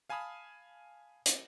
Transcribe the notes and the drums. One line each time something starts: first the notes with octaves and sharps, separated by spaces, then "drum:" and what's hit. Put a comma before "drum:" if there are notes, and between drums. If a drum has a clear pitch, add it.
F5 G#5 A5 B5 D#6 F6
drum: hi-hat